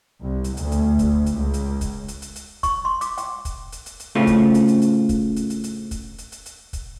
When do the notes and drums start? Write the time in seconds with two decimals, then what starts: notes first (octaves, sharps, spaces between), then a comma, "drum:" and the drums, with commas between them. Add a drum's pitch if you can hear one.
0.21 C2
0.44 drum: hi-hat
0.57 D2, drum: hi-hat
0.72 drum: hi-hat
0.99 drum: kick, hi-hat
1.26 drum: hi-hat
1.36 C#2
1.54 drum: hi-hat
1.81 drum: kick, hi-hat
2.08 drum: hi-hat
2.22 drum: hi-hat
2.36 drum: hi-hat
2.63 C#6, drum: kick, hi-hat
2.85 C6
3.01 D6, drum: hi-hat
3.18 G5, drum: hi-hat
3.45 drum: kick, hi-hat
3.72 drum: hi-hat
3.86 drum: hi-hat
4.00 drum: hi-hat
4.15 A2 C#3 A3 C4 C#4 F4
4.27 drum: kick, hi-hat
4.54 drum: hi-hat
4.68 drum: hi-hat
4.82 drum: hi-hat
5.09 drum: kick, hi-hat
5.36 drum: hi-hat
5.50 drum: hi-hat
5.64 drum: hi-hat
5.91 drum: kick, hi-hat
6.18 drum: hi-hat
6.32 drum: hi-hat
6.46 drum: hi-hat
6.73 drum: kick, hi-hat